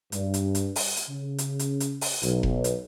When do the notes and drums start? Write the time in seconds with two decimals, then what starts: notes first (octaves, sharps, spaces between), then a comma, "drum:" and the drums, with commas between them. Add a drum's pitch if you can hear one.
0.12 G2, drum: hi-hat
0.34 drum: hi-hat
0.55 drum: hi-hat
0.76 drum: open hi-hat
0.97 drum: hi-hat
1.09 C#3
1.38 drum: hi-hat
1.59 drum: hi-hat
1.80 drum: hi-hat
2.01 drum: open hi-hat
2.22 B1, drum: hi-hat
2.43 drum: kick F1
2.64 drum: hi-hat